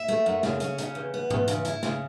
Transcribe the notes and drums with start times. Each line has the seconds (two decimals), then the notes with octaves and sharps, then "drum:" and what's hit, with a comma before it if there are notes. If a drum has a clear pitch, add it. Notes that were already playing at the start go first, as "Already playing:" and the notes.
Already playing: E5
0.08 A3
0.26 F#2
0.43 C#3, drum: snare
0.60 C#4, drum: hi-hat
0.78 C#3, drum: hi-hat
0.95 E2
1.14 B3
1.30 E2, drum: tom G#2
1.48 C#3, drum: hi-hat
1.65 E4, drum: hi-hat
1.83 C#3, drum: snare